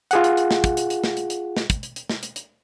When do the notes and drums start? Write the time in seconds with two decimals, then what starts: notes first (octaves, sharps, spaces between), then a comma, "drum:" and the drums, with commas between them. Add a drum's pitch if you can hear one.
0.11 F4 G#4 F#5, drum: hi-hat
0.24 drum: hi-hat
0.37 drum: hi-hat
0.51 drum: snare
0.64 drum: kick, hi-hat
0.77 drum: hi-hat
0.90 drum: hi-hat
1.04 drum: snare
1.17 drum: hi-hat
1.30 drum: hi-hat
1.57 drum: snare
1.70 drum: kick, hi-hat
1.83 drum: hi-hat
1.96 drum: hi-hat
2.09 drum: snare
2.23 drum: hi-hat
2.36 drum: hi-hat